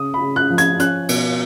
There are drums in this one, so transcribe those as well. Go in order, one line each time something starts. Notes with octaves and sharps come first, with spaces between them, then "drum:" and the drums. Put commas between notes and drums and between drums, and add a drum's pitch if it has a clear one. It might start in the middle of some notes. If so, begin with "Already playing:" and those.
Already playing: C#3 D#6
B5
C#3
F#6
F3
G#6, drum: hi-hat
C#4 F#6, drum: hi-hat
B2, drum: cymbal